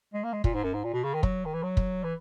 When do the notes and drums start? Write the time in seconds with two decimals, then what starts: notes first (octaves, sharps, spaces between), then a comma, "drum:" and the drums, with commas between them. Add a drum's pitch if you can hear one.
0.14 G#3
0.24 A#3
0.33 G#3
0.44 A#2, drum: kick
0.54 G#2
0.64 F#2
0.74 G#2
0.84 A#2
0.94 B2
1.04 C#3
1.14 D#3
1.23 F#3, drum: kick
1.45 D#3
1.54 E3
1.63 F#3
1.77 drum: kick
2.04 E3